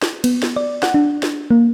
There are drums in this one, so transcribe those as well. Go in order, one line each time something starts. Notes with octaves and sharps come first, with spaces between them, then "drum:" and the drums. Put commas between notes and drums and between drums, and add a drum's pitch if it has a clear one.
drum: snare
B3, drum: cymbal
drum: snare
D5
F#5, drum: snare
D4
drum: snare
A#3